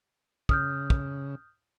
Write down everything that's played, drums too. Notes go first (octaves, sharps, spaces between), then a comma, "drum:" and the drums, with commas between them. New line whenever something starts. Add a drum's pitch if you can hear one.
C#3 D#6 F6 G6, drum: kick
drum: kick